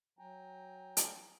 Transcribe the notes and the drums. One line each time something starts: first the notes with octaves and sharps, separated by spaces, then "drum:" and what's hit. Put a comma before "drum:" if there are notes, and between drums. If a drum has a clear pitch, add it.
F#3 G5 G#5 A#5
drum: hi-hat